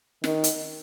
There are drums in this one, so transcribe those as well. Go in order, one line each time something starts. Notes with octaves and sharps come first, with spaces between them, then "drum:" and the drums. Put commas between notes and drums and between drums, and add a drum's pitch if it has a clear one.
D#3, drum: snare
drum: hi-hat